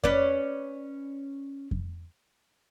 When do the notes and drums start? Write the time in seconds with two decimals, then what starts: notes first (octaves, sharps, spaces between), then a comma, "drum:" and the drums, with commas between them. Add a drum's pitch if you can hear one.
0.04 C#4 B4 D5, drum: kick F2
1.71 drum: kick F2